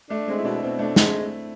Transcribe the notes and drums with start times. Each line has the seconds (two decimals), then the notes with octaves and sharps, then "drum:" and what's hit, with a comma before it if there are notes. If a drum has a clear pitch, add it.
0.10 A3 D4
0.28 G#3 C4
0.38 E4
0.45 B2 D4
0.62 B2 C4
0.79 A3 D4
0.96 G#3 A3, drum: snare